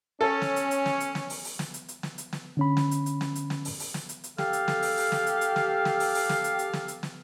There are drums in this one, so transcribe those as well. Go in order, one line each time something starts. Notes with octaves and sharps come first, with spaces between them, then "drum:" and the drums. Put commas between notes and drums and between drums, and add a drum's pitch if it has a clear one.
C#4 A4
drum: snare
drum: hi-hat
drum: hi-hat
drum: snare
drum: hi-hat
drum: snare
drum: open hi-hat
drum: open hi-hat
drum: snare
drum: hi-hat
drum: hi-hat
drum: snare
drum: hi-hat
drum: snare
D3 C#4 B5
drum: snare
drum: hi-hat
drum: hi-hat
drum: snare
drum: hi-hat
drum: snare
drum: open hi-hat
drum: open hi-hat
drum: snare
drum: hi-hat
drum: hi-hat
G4 A4 F5, drum: snare
drum: hi-hat
drum: snare
drum: open hi-hat
drum: open hi-hat
drum: snare
drum: hi-hat
drum: hi-hat
drum: snare
drum: snare
drum: open hi-hat
drum: open hi-hat
drum: snare
drum: hi-hat
drum: hi-hat
drum: snare
drum: hi-hat
drum: snare